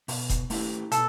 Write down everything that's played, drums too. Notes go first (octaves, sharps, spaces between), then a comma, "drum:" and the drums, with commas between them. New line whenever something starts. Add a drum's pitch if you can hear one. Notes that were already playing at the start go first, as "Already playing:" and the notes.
B2, drum: open hi-hat
drum: kick E1, hi-hat
A3 E4 G4, drum: open hi-hat
B2 A4, drum: hi-hat